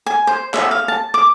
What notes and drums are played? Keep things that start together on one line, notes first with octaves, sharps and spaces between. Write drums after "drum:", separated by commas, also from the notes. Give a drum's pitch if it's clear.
G#5
C5
E5, drum: clap
F5
A5
D6